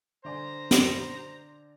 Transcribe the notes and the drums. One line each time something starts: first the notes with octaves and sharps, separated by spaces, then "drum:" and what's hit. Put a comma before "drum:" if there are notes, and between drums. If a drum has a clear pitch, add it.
D3 C5 D5 G#5 A#5
drum: snare